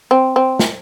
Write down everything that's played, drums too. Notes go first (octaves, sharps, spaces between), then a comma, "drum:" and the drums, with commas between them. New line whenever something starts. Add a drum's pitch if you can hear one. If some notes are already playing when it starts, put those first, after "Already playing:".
C4
C4
drum: snare